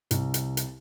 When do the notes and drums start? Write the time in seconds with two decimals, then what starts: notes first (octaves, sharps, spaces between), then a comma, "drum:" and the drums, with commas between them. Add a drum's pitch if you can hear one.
0.11 C2, drum: hi-hat
0.34 drum: hi-hat
0.57 drum: hi-hat